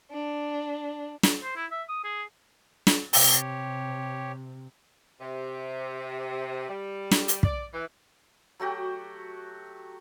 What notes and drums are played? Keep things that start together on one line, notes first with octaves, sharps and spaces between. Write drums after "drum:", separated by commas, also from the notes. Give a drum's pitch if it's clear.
D4
drum: snare
C5
E4
E5
D#6
G#4
drum: snare
C3 G4 C#5, drum: open hi-hat
C3
G3
drum: snare
drum: hi-hat
D5, drum: kick
E3
F#3 A3 F#4 G4